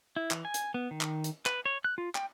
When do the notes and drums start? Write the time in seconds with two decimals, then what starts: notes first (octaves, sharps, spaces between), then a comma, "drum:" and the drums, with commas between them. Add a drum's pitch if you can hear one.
0.16 E4
0.31 E3, drum: clap
0.45 G#5
0.54 drum: hi-hat
0.74 B3
0.91 D#3
1.01 drum: clap
1.24 drum: hi-hat
1.46 B4, drum: clap
1.66 C#5
1.84 F#6
1.98 F4
2.15 G5, drum: clap